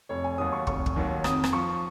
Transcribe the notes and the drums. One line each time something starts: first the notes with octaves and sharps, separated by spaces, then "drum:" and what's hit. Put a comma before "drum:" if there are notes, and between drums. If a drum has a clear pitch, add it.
F1 C#5
G#5
D#2 D#3 F#3 D#6
C#6
F1 C#6, drum: kick
drum: kick
D#2 D#3 F#3
F2 D#6, drum: rim click
drum: rim click
F3 C#6